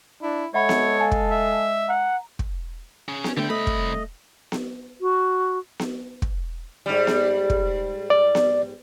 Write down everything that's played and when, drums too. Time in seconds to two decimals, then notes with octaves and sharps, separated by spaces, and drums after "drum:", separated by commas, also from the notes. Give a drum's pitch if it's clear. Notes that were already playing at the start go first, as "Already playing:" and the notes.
0.22 D4 E4
0.54 G#3 A4 C#5 E5 F#5 B5
0.69 drum: snare B3
1.00 F5 G#5 A5
1.11 drum: kick
1.31 E5
1.89 F#5 A#5
2.39 drum: kick
3.08 C#4 G#4
3.24 drum: snare B3
3.37 D3 G3 A3 G5
3.50 C2 A3 D#5 B5
3.67 drum: kick
4.52 drum: snare B3
5.01 F#4
5.79 drum: snare B3
6.22 drum: kick
6.86 G#2 G3
7.07 drum: snare B3
7.50 drum: kick
8.10 D5
8.35 drum: snare B3